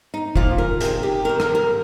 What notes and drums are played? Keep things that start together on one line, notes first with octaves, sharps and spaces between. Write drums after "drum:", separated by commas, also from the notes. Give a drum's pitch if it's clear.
D#4
A#2 F3 F4, drum: kick F1
A#4
C3 D#3 G#4, drum: hi-hat
G4
C3 D#3 A#4
A#4, drum: rim click
A#4